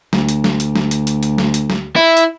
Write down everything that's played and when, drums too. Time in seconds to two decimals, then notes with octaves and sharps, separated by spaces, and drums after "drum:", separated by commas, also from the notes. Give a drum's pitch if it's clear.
0.13 D2, drum: snare
0.29 drum: hi-hat
0.44 drum: snare
0.60 drum: hi-hat
0.76 drum: snare
0.91 drum: hi-hat
1.07 drum: hi-hat
1.23 drum: hi-hat
1.38 drum: snare
1.54 drum: hi-hat
1.70 drum: snare
1.96 E4
2.17 drum: hi-hat